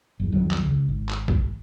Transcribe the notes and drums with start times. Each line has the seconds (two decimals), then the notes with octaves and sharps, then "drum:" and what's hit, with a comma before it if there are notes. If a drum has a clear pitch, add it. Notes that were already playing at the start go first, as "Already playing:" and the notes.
0.20 F#1 E2
0.32 C2 F2 D#3 F#3
0.51 drum: clap
0.64 C#2 C#3
0.89 G#1
1.09 drum: clap
1.28 drum: kick